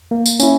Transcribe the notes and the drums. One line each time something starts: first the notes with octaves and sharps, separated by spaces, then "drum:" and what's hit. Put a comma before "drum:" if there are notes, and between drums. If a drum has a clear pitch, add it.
A#3
drum: tambourine
C#4 E4, drum: tambourine